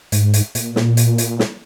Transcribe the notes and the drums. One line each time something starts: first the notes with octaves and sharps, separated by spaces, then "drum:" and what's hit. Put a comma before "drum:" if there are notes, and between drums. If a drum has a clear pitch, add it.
G#2, drum: hi-hat
drum: hi-hat
A#2, drum: hi-hat
drum: snare
drum: hi-hat
drum: hi-hat
drum: snare